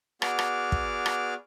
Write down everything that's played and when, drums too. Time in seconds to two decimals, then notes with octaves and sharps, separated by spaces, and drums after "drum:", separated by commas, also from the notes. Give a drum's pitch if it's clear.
0.22 B3 F#4 G#4 D5 D6 F6, drum: rim click
0.39 drum: rim click
0.72 drum: kick
1.06 drum: rim click